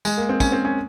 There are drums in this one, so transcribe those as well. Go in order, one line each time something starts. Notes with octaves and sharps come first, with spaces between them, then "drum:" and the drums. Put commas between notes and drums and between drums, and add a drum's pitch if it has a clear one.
G#3, drum: tambourine
A#3
C4
C#4, drum: kick, tambourine
C4
C#4